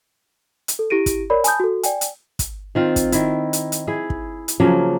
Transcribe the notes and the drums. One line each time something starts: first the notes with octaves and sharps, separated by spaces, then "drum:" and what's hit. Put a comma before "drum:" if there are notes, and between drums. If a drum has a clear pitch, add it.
drum: hi-hat
A4
E4 G4 A#6 D7 D#7
drum: kick, hi-hat
A#4 C#5 D5 B5
G#5 A5 B5 D#6 G6, drum: hi-hat
F#4 A4
D5 G5 G#5, drum: hi-hat
drum: hi-hat
drum: kick, hi-hat
D#3 C4 F4
drum: kick, hi-hat
D#3 E4, drum: hi-hat
drum: hi-hat
drum: hi-hat
E4 G#4
drum: kick
drum: hi-hat
C#3 F3 F#3 A#3